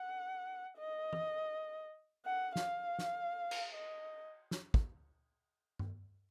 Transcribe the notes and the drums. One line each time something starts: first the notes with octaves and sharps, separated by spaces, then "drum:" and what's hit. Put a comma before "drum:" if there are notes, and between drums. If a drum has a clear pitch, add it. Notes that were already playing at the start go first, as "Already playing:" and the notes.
Already playing: F#5
D#5
drum: tom
F#5
F5, drum: snare
drum: snare
drum: cymbal
D#5
drum: snare
drum: kick
drum: tom G2